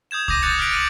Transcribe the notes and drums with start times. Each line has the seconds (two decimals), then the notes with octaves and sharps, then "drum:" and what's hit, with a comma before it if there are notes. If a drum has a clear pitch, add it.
0.11 D#6 G6 G#6 E7
0.28 D6 D#6 G6 A#6 D#7, drum: kick C2
0.42 F#6 G6 A6 C#7 F7
0.59 F6 B6 D7 F7
0.74 D#7 F#7